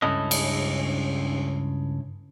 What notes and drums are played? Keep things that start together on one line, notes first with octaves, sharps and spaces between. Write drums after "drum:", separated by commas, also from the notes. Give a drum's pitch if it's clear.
C#2 G2 C#4 E4 A4 D#5
drum: cymbal